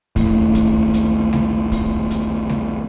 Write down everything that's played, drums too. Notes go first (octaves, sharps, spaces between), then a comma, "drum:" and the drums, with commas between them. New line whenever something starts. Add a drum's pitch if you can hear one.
A#1 D#2 A2, drum: kick, open hi-hat
drum: kick, hi-hat
drum: hi-hat
drum: snare G3
drum: kick, open hi-hat
drum: hi-hat
drum: snare G3